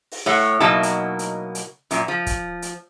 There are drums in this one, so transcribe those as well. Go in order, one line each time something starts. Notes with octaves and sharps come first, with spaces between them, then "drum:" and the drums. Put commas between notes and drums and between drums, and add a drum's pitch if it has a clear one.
drum: open hi-hat
A2 C#5 F#5
B2 F#3 A#3 D#4 E4 A5
drum: hi-hat
drum: hi-hat
drum: hi-hat
F#2 A#2, drum: hi-hat
F3
drum: kick, hi-hat
drum: hi-hat